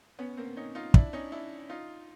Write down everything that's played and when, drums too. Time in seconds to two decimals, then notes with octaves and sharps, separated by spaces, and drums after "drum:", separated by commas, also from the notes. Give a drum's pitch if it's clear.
0.19 B3 C#4
0.37 A#3 C4
0.57 C#4 D#4
0.75 D#4 F4
0.94 D4 E4, drum: kick
1.13 C#4 D#4
1.32 D4 E4
1.70 D#4 F4